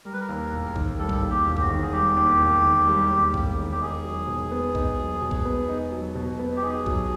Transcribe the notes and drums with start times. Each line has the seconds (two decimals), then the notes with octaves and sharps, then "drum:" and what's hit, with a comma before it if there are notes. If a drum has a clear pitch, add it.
0.05 G3 A#4
0.13 B4
0.20 A#4
0.29 D#2
0.52 E1
0.76 D#3, drum: kick A#1
0.99 G3 A4
1.09 drum: kick A#1
1.23 D#2
1.30 G4
1.46 E1
1.57 G4, drum: kick A#1
1.62 F#4
1.70 D#3
1.83 G#4
1.93 G3 G4
2.17 D#2
2.40 E1
2.63 D#3
2.87 G3
3.11 D#2
3.34 E1, drum: kick A#1
3.58 D#3
3.71 G4
3.81 D#4 G#4
4.04 F#3
4.28 B2
4.51 B3
4.75 D#4, drum: kick A#1
4.98 F#3
5.22 B2
5.31 drum: kick A#1
5.45 B3
5.69 D#4
5.92 F#3
6.15 B2
6.39 B3
6.57 G4
6.63 D#4 G#4
6.86 F#3, drum: kick A#1